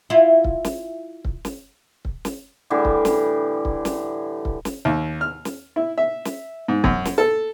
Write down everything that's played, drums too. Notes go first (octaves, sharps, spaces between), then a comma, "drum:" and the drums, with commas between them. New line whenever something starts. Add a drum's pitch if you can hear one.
E4 F4
drum: kick C#1
drum: snare
drum: kick C#1
drum: snare
drum: kick C#1
drum: snare
A2 D3 E3 G3
drum: kick C#1
drum: snare
drum: kick C#1
drum: snare
drum: kick C#1
drum: snare
D#2
F6
drum: snare
E4
E5
drum: snare
G#2
F#2, drum: kick C#1
drum: snare
A4